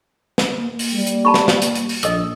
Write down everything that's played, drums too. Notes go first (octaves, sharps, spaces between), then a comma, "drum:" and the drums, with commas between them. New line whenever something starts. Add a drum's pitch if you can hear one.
drum: snare
A#3
drum: open hi-hat
G3
drum: hi-hat
A#3 A5 B5 C#6
drum: snare
drum: snare
drum: hi-hat
drum: hi-hat
drum: open hi-hat
A#1 D#5 D#6 E6, drum: hi-hat